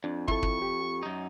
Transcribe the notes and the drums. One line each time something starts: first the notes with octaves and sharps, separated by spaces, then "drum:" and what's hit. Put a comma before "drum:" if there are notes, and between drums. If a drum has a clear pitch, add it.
F2 D4
E4 A4 C#6, drum: kick
drum: kick
G4
F#2 D#4